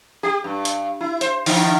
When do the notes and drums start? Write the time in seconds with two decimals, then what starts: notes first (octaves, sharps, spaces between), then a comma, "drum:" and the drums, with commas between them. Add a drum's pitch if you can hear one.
0.23 G4
0.44 G2
0.65 drum: hi-hat
1.01 E4
1.21 C5, drum: hi-hat
1.46 D3, drum: open hi-hat